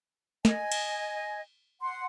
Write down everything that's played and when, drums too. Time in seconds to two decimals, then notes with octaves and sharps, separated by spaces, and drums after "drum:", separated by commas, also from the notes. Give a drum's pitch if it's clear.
0.45 D#5 G#5, drum: snare
0.72 drum: cymbal
1.80 F#5 C6